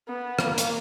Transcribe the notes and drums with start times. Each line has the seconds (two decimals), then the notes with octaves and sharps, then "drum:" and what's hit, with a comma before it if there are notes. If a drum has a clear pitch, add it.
0.08 B3
0.39 A#3, drum: rim click
0.58 drum: hi-hat